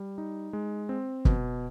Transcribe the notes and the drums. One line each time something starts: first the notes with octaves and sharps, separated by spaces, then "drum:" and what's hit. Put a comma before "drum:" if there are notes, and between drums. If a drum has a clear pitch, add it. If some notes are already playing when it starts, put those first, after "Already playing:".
Already playing: G3
D#4
G#3
C4
B2, drum: kick